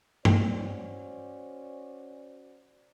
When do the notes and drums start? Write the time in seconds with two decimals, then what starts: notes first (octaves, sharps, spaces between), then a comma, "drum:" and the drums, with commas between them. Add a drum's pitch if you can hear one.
0.25 C#4 F#4 C5 D5, drum: tom G2